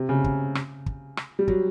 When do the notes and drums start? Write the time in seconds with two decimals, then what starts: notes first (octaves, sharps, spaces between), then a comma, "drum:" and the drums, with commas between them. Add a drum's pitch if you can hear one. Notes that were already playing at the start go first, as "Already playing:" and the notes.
Already playing: C3
0.09 C#3
0.24 drum: kick
0.55 drum: rim click
0.86 drum: kick
1.17 drum: rim click
1.39 G3
1.48 F#3, drum: kick